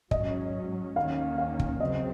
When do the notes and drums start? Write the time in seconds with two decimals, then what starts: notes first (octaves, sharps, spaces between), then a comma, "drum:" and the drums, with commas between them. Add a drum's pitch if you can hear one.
0.11 G#2 F#3 C#4 D#5, drum: kick
0.96 D#2 D#3 A#3 C#4 F5
1.38 F5
1.59 drum: kick
1.80 C#3 F#3 C4 D#5